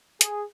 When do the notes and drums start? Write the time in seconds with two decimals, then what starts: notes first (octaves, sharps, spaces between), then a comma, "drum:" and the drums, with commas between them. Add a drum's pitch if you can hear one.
0.21 G#4, drum: hi-hat